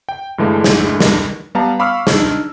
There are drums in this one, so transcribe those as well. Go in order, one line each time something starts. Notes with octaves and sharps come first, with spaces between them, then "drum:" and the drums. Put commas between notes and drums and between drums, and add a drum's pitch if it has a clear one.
G5
G2 D3 E3 G#3 A3
drum: snare
drum: snare
G3 B3 F5 A5 A#5
F5 B5 C#6 D6 E6 F6
D4 D#4, drum: snare